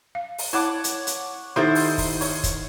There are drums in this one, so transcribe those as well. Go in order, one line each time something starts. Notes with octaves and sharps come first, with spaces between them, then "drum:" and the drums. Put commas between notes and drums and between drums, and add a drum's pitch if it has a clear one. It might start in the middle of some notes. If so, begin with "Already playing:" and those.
F5
drum: open hi-hat
E4 C#5 F#5 A5 D6
drum: hi-hat
drum: hi-hat
D#3 D#4 E4 G4 A4 C5
drum: open hi-hat
drum: kick, open hi-hat
C#5, drum: open hi-hat
drum: kick, hi-hat